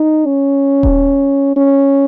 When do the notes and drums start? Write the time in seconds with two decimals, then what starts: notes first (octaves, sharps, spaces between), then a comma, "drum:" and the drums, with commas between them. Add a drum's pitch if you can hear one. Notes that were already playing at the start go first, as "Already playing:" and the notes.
Already playing: D#4
0.26 C#4
0.83 drum: kick D#1
1.56 C#4